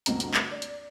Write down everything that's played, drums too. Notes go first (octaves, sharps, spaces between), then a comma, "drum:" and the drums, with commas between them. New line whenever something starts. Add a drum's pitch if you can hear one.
G1 D2 A#3 C4 D#5 A#5, drum: hi-hat
drum: hi-hat
drum: clap
D5
drum: hi-hat